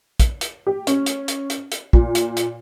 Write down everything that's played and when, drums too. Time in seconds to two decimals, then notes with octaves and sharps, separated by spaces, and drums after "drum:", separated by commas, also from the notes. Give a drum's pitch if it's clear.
0.20 drum: kick, hi-hat
0.41 drum: hi-hat
0.67 G4
0.87 C#4, drum: hi-hat
1.06 drum: hi-hat
1.28 drum: hi-hat
1.50 drum: hi-hat
1.72 drum: hi-hat
1.93 A#2, drum: kick
2.15 drum: hi-hat
2.37 drum: hi-hat